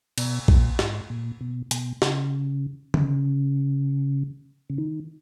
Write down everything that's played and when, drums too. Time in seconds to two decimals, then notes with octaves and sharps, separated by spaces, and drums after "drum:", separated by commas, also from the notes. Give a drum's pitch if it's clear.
0.18 B2, drum: cymbal
0.48 A#2, drum: kick
0.79 G#2, drum: snare
1.10 A#2
1.41 B2
1.71 B2, drum: hi-hat
2.02 C#3, drum: snare
2.94 C#3, drum: tom D3
4.70 C#3
4.78 D#3